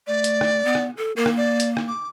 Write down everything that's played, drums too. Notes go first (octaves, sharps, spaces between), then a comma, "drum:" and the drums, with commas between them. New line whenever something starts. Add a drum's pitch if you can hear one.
A3 D5
drum: hi-hat
drum: rim click
B3
drum: rim click
A4
A#3 A#4
drum: rim click
D5
drum: hi-hat
drum: rim click
D6